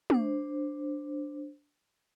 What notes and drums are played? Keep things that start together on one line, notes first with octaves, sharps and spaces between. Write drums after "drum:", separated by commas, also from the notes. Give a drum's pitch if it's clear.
D4 C5, drum: tom